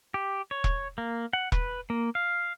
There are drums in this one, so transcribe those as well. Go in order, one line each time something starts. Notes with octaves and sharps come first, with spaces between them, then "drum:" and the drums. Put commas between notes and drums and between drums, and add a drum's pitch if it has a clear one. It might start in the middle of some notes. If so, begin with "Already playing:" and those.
G4
C#5
drum: kick E1
A#3
F#5
B4, drum: kick E1
A#3
F5